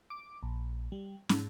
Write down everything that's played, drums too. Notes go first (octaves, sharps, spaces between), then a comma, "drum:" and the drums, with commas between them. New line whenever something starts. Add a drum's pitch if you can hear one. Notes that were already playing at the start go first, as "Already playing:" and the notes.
D6
A#1
G3
G#2, drum: snare